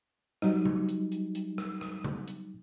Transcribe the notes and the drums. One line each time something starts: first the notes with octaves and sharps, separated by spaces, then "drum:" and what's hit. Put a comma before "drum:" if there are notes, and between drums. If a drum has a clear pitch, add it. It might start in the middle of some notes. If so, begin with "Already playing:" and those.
F#3 G3 D#4, drum: rim click
drum: tom C#3
drum: hi-hat
drum: hi-hat
drum: hi-hat
drum: rim click
drum: rim click
drum: tom C#3
drum: hi-hat